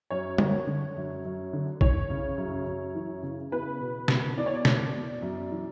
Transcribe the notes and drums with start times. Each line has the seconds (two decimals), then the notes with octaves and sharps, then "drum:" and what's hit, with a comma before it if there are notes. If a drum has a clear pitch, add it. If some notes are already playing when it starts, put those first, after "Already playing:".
0.11 F#2 C#5
0.38 D3, drum: tom G3
0.67 D3
0.97 F#2
1.25 F#2
1.53 D3
1.81 E3 C#5, drum: kick
2.10 C#3
2.38 F#2
2.67 F#2
2.95 E3
3.23 C#3
3.52 E2 B4
3.81 B2
4.08 B2, drum: snare
4.37 E2 D5
4.46 C#5
4.55 D5
4.65 E2, drum: snare
4.94 B2
5.22 F#2
5.51 E3